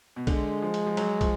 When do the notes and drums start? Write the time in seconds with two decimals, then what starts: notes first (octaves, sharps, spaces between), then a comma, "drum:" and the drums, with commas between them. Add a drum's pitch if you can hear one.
0.16 B2
0.27 D3 G#3, drum: kick, cymbal
0.62 F3
0.74 drum: cymbal
0.86 F3
0.97 F#3, drum: cymbal
1.21 F3, drum: kick, cymbal